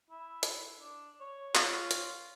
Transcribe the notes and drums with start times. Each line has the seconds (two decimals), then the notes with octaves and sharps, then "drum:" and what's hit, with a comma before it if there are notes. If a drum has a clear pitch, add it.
0.10 E4
0.43 drum: hi-hat
0.80 D4
1.20 C#5
1.55 F4, drum: clap
1.91 drum: hi-hat